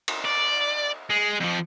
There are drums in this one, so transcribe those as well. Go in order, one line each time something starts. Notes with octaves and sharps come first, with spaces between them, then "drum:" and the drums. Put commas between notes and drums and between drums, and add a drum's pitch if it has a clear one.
drum: cymbal
D5
G#3
F2 F3